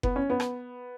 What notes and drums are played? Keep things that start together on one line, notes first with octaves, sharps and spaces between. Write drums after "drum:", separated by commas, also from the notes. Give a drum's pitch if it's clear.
B3, drum: kick F#1
C#4
B3
drum: rim click